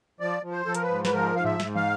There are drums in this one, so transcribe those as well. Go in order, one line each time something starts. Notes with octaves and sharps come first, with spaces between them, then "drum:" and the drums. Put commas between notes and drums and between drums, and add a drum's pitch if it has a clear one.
F3 D5
F3
C5
F3 A4
A#4, drum: hi-hat
B4
G#2
B4, drum: snare
F3 A#4
G#2 F5
E5, drum: tom G#2
G#2, drum: snare
F5, drum: tom